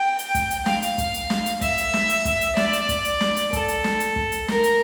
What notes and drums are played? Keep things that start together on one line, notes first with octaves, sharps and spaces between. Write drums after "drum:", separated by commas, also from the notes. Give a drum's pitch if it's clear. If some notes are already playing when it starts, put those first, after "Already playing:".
Already playing: G5
drum: hi-hat
drum: kick, hi-hat
drum: hi-hat
F5, drum: snare
drum: hi-hat
drum: kick, hi-hat
drum: hi-hat
drum: snare
drum: hi-hat
E5, drum: kick, hi-hat
drum: hi-hat
drum: snare
drum: hi-hat
drum: kick, hi-hat
drum: hi-hat
D5, drum: snare
drum: hi-hat
drum: kick, hi-hat
drum: hi-hat
drum: snare
drum: hi-hat
A4, drum: kick, hi-hat
drum: hi-hat
drum: snare
drum: hi-hat
drum: kick
drum: hi-hat
A#4, drum: snare
drum: hi-hat